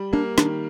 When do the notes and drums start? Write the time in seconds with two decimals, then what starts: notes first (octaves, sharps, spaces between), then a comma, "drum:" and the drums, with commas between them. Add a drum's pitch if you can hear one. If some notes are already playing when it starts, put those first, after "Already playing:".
Already playing: G3
0.13 A#3 D4
0.38 D#3 D4, drum: snare